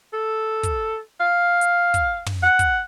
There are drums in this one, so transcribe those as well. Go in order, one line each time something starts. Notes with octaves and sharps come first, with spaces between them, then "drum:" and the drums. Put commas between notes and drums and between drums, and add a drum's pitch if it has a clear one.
A4
drum: kick, hi-hat
F5
drum: hi-hat
drum: kick, hi-hat
drum: tom
F#5
drum: kick, hi-hat